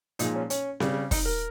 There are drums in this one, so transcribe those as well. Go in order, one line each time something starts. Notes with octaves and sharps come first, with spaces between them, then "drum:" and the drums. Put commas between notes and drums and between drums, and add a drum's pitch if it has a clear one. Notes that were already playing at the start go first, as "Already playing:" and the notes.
A#2 F3 G#3 D#4, drum: hi-hat
C#4
C#4, drum: hi-hat
C#3 G3, drum: snare C4
D#4, drum: kick, open hi-hat
A#4